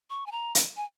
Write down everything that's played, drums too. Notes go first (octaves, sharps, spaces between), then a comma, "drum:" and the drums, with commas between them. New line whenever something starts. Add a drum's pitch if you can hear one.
C#6
G#5
A#5
drum: hi-hat
G#5